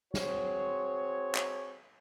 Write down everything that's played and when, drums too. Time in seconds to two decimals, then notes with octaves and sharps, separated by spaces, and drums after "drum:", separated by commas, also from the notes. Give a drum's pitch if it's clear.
0.14 C4 F#4 G#4 C5 C#5, drum: snare
1.35 drum: clap